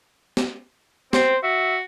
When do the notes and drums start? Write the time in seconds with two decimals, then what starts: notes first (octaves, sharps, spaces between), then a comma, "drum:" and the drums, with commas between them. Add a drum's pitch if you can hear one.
0.37 drum: snare
1.13 C4 C5, drum: snare
1.43 F#4 E5